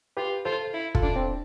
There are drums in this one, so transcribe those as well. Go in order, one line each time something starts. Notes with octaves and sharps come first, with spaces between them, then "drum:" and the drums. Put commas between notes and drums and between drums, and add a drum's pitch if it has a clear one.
F4 G4 B4
F4 A4 C5
E4
F4 A4, drum: kick
D4
C4